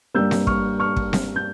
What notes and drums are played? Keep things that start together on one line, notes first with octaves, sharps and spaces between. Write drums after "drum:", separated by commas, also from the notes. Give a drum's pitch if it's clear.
G2 G3 A#3 E6 G6
drum: snare C4
C#6 F6, drum: kick
C#6 F6
drum: kick
drum: snare C4
G6